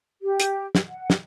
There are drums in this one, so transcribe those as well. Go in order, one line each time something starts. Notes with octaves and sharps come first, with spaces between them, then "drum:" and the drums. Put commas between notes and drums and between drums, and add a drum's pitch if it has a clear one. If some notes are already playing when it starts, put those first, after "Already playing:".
G4
drum: hi-hat
drum: snare
F#5
drum: snare